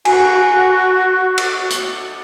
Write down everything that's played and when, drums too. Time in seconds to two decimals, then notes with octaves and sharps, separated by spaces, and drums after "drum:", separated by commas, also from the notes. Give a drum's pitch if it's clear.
0.05 F#4 G#5, drum: cymbal
1.38 drum: cymbal
1.70 drum: hi-hat